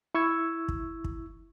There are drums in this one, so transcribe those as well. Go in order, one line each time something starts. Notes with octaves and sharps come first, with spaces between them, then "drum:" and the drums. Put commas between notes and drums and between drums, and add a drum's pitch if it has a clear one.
E4 C#6 E6 G#6
drum: kick
drum: kick